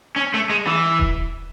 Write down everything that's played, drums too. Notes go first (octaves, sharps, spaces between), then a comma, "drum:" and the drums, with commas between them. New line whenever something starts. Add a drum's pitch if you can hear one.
C#4
A3
G#3
E3
drum: kick D#1